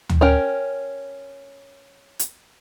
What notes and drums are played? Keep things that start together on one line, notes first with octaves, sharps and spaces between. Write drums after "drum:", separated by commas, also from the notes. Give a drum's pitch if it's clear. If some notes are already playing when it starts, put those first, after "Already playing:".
drum: tom D2
C#4 A#4 G5
drum: hi-hat